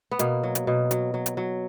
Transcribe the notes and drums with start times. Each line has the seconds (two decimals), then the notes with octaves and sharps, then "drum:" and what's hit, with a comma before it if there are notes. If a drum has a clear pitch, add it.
0.11 B3
0.19 B2 A#3, drum: hi-hat
0.43 F#3
0.55 drum: hi-hat
0.67 B2
0.91 F#3, drum: hi-hat
1.14 F#3
1.26 drum: hi-hat
1.37 F#3